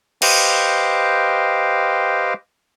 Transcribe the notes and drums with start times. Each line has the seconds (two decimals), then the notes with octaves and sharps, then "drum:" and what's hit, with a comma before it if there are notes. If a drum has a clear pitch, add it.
0.22 G4 B4 C5 D#5 F5 G5, drum: cymbal